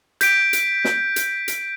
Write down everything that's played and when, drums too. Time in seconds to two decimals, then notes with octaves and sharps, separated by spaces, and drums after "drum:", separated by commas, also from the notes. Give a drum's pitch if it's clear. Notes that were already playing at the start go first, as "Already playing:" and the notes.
0.21 G6 B6 D7, drum: hi-hat
0.53 drum: hi-hat
0.85 drum: snare
1.16 drum: hi-hat
1.48 drum: hi-hat